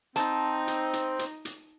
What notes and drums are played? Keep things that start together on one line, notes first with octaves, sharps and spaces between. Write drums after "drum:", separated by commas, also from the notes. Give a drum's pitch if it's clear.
C4 D#4 A5, drum: hi-hat
drum: hi-hat
drum: hi-hat
drum: hi-hat
drum: hi-hat